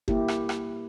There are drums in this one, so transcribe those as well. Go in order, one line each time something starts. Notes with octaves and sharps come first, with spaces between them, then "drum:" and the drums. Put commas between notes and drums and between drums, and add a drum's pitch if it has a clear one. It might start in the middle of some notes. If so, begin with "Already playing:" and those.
A#3 E4 G4, drum: kick F#1
drum: rim click
drum: rim click